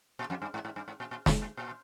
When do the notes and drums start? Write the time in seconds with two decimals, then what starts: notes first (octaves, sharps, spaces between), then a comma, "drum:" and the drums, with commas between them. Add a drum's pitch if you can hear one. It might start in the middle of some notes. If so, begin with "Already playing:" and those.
0.19 A#2
0.30 F2
0.42 G2
0.54 G#2
0.65 G#2
0.76 G2
0.88 G#2
1.00 A#2
1.11 A#2
1.26 C3, drum: snare
1.42 A#2
1.57 A#2